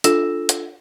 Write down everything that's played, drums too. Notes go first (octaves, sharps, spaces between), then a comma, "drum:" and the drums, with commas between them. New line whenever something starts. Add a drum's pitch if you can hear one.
D4 F4 A4 E6 A#6 E7, drum: hi-hat
drum: hi-hat